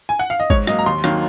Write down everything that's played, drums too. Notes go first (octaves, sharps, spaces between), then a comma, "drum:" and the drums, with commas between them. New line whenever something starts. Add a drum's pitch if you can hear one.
G#5
F#5
F5, drum: tambourine
D#5
G#2 C#5, drum: kick G#1
F#3 A#3 D#5, drum: rim click
A#5
D#2 C6
D#3 F#3 A#3, drum: rim click